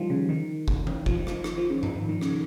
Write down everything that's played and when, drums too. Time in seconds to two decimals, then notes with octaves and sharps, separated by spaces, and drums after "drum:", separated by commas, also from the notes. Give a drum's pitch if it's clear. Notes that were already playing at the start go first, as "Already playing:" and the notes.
Already playing: D#3 F3 G3 F4
0.10 C#3
0.29 D#3
0.68 drum: kick F#1
0.87 drum: tom E3
1.06 F3, drum: kick F#1
1.19 D#3
1.27 F3, drum: rim click
1.32 D#3
1.44 D#3, drum: rim click
1.58 F3
1.70 C#3
1.83 D#3, drum: tom G#2
1.96 F3
2.09 D#3
2.21 C#3, drum: rim click